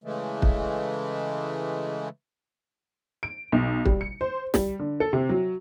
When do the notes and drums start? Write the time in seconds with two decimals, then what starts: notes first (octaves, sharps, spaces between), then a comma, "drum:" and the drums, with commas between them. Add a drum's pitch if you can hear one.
0.04 C#3 E3 G#3 A3
0.42 drum: kick
3.23 D7
3.52 B1
3.86 G3, drum: kick
4.01 C#7
4.21 C5
4.54 G3, drum: snare
4.80 D3
5.00 A4
5.13 C3
5.29 F#3